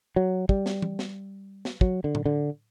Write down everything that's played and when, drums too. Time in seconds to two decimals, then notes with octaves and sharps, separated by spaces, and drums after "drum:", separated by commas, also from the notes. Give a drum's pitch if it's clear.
0.16 F#3
0.49 G3, drum: kick
0.66 drum: snare
0.82 drum: tom E3
0.99 drum: snare
1.65 drum: snare
1.81 F#3, drum: kick
2.04 D3
2.15 drum: tom A2
2.26 D3